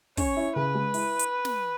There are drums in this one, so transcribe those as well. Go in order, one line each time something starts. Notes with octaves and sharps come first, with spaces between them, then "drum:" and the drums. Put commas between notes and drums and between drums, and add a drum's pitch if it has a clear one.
C#4 C#5, drum: kick, open hi-hat
E4
C#3 B4
G#3
E4, drum: open hi-hat
drum: hi-hat
drum: snare